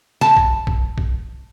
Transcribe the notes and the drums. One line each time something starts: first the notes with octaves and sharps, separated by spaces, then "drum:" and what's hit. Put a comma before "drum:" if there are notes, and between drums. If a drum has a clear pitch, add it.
A5, drum: snare
drum: kick B1
drum: kick B1
drum: kick B1